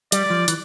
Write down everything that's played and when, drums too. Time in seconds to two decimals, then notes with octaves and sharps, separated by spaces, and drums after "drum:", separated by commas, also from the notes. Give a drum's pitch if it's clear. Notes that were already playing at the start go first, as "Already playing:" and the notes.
0.12 G3 D5, drum: hi-hat
0.26 G3
0.30 F3
0.48 E3, drum: hi-hat